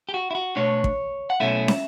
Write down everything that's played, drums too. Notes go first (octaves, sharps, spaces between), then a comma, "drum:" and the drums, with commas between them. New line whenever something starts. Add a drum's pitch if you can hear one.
G4
F#4
E4
F#4
B2 A3 D4 C#5
drum: kick
F#5
B1 B2 A3 C#4 E4 E5
drum: snare